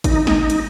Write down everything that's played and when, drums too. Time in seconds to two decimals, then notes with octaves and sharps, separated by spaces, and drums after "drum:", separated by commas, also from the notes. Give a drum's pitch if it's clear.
0.04 D#4, drum: kick G#1, hi-hat
0.27 drum: snare
0.50 drum: hi-hat